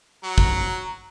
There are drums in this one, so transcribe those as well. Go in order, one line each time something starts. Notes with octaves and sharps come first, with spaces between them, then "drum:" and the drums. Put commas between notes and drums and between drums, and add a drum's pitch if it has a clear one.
F#3 A#5
drum: kick